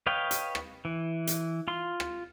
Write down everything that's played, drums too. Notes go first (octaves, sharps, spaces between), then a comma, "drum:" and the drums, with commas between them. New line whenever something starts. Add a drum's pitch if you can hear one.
B4 C#5 D#5 F5 G5
drum: hi-hat
drum: rim click
E3
drum: hi-hat
F4 C6
drum: rim click